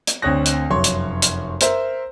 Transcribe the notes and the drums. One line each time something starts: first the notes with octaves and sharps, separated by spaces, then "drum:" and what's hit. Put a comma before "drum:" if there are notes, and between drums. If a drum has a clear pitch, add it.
drum: hi-hat
D2 C4 C#5 D#6 F#6 A#6
drum: hi-hat
F1 F#2 C#5 C6
drum: hi-hat
drum: hi-hat
A#4 C5 E5, drum: hi-hat